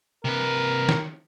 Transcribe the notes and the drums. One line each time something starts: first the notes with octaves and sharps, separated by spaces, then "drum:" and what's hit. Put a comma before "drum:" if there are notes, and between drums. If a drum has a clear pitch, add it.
C3 A#4 B4
drum: snare